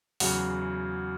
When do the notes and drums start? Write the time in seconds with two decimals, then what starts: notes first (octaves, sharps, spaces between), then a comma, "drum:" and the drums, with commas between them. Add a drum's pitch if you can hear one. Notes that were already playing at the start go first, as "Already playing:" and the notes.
0.20 E2 C#3 F#3 F#5, drum: open hi-hat